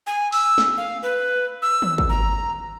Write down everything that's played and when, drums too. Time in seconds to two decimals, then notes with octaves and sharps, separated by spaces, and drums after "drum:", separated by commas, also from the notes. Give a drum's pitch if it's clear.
0.07 G#5
0.32 E6, drum: open hi-hat
0.58 drum: snare
0.77 F5
1.03 B4
1.62 E6
1.82 drum: tom D#3
1.98 drum: kick
2.09 A#5